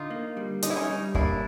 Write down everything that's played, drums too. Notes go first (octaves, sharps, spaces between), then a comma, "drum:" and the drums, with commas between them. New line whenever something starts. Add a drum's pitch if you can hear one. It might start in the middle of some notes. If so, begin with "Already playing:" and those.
Already playing: D3 D#4 F4
A#3
G3
D3 D#4, drum: hi-hat
E4
C#4 D#4
G3
A#3 D4 E4, drum: kick